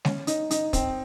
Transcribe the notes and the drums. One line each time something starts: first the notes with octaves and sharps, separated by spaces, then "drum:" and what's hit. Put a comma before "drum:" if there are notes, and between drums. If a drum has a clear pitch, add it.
C#4, drum: snare G#3
D#4, drum: hi-hat
D#4, drum: hi-hat
C4, drum: kick, hi-hat